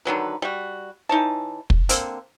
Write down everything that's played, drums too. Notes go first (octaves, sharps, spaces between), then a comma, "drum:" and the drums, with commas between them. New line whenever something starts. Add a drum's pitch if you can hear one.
D3 D#3 F#3 B4
G3 F#4
E3 D#4 C#5 A5
drum: kick
D3 A#3 C4, drum: hi-hat